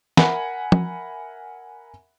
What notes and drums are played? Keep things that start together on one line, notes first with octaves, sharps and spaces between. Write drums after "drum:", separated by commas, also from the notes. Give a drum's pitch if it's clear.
A#4 E5 F#5 G#5 B5, drum: snare
drum: tom